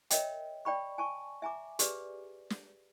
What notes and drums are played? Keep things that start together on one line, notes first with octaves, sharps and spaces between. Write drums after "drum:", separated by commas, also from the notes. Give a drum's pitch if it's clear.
A#4 C#5 D#5 E5 G5, drum: hi-hat
D5 G5 B5 C#6
G#5 A5 C#6
E5 G#5 A#5 D6
G4 G#4 B4 D5, drum: hi-hat
drum: snare